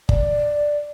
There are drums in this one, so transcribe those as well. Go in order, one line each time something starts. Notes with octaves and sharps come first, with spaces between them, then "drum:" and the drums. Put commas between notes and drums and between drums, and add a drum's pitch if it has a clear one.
D5, drum: kick